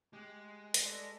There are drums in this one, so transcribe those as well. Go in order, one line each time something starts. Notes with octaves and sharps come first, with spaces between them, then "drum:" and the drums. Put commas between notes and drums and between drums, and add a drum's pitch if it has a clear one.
G#3 G4 D6 F#6
drum: hi-hat
A4 B4 D5 A#6